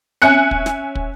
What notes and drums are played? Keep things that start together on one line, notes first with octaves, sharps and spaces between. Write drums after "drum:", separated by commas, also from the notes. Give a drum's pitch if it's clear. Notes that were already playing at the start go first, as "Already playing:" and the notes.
C#4 E5 G#5 F#6 C#7
drum: kick
drum: snare
drum: kick